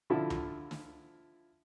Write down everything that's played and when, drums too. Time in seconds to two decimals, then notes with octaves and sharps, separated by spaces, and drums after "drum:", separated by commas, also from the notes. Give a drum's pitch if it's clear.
0.10 D3 F3 E4 A5
0.30 drum: tom C#2
0.71 drum: snare